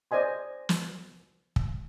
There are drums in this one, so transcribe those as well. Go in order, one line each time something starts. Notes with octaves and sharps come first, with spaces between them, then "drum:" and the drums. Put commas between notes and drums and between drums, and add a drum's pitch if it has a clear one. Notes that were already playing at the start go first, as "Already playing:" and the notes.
C5 D5 D#5 G#5 C6
drum: snare
drum: kick